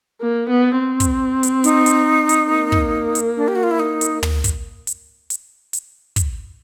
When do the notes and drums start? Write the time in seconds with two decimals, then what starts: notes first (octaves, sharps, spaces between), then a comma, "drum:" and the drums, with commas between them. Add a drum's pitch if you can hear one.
0.21 A#3
0.50 B3
0.78 C4
1.00 drum: kick, hi-hat
1.43 drum: hi-hat
1.64 D#4, drum: hi-hat
1.86 drum: hi-hat
2.29 drum: hi-hat
2.50 A#3
2.72 drum: kick
3.15 drum: hi-hat
3.37 D4
3.48 G4
3.56 F#4
3.63 F4
3.71 E4
3.80 D#4
4.01 drum: hi-hat
4.23 drum: tom
4.44 drum: kick, hi-hat
4.87 drum: hi-hat
5.30 drum: hi-hat
5.73 drum: hi-hat
6.16 drum: kick, hi-hat